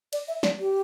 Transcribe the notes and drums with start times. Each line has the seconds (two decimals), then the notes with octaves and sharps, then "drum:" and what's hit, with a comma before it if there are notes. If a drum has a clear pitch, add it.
0.13 D5, drum: cymbal
0.28 E5
0.43 D5, drum: snare
0.60 G4